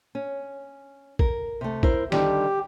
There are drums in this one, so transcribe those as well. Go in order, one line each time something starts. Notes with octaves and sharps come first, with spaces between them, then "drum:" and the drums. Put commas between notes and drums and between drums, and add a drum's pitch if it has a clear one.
C#4
A#4, drum: kick
C3 A3
E4 A#4 C5, drum: kick
D3 D#3 G3 G4, drum: snare